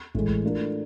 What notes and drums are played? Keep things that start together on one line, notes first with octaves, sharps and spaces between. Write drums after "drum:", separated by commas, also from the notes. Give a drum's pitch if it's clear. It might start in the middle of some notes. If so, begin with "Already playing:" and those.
A2 E3 G#3, drum: kick
drum: kick
A3 D4 F4 A#4